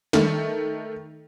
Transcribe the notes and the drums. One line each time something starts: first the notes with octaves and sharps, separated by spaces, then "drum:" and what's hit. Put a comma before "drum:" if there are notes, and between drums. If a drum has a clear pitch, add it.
D#3 A3, drum: snare